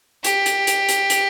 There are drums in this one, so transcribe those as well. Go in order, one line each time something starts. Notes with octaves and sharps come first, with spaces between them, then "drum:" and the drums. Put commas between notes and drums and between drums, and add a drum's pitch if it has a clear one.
G4, drum: hi-hat
drum: hi-hat
drum: hi-hat
drum: hi-hat
drum: hi-hat